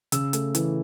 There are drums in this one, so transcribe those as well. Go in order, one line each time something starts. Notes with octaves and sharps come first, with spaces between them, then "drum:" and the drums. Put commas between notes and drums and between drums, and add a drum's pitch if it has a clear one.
C#3 E6, drum: hi-hat
A3, drum: hi-hat
E3, drum: hi-hat